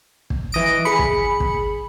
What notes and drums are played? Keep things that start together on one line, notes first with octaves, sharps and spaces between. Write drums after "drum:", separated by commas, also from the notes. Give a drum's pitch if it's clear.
drum: kick
E3 D#5 D7
G#4 B5 C#7
drum: kick
drum: kick